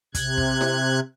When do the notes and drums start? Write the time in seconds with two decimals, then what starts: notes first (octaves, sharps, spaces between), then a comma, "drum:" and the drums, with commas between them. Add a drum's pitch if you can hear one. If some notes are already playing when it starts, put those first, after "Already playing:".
0.15 C3 F#6 G#6, drum: kick, hi-hat
0.38 drum: kick
0.61 drum: snare E4